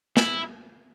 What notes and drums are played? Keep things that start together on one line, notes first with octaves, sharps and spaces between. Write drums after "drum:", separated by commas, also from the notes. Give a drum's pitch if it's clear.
E4, drum: snare